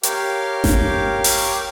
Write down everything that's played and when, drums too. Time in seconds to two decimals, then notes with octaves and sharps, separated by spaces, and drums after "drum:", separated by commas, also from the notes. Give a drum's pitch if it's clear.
0.03 G4 A#4 C#5 F5 D6 F6, drum: hi-hat
0.64 drum: snare G#1
1.24 drum: open hi-hat